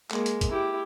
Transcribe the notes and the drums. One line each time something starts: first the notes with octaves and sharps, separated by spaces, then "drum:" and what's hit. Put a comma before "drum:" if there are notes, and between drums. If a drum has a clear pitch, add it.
G#3 A#3, drum: clap
drum: hi-hat
drum: kick, hi-hat
E4 G4